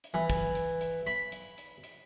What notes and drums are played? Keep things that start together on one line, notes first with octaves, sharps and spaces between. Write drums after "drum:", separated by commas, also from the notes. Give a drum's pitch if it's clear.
drum: hi-hat
E3
drum: kick, hi-hat
drum: hi-hat
drum: hi-hat
B5, drum: hi-hat
drum: hi-hat
drum: hi-hat
drum: hi-hat